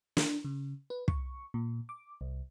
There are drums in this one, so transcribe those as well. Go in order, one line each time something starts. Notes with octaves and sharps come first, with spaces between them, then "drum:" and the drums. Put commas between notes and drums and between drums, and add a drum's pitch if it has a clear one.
D4, drum: snare
C#3
B4
C#6, drum: kick
A#2
D6
C2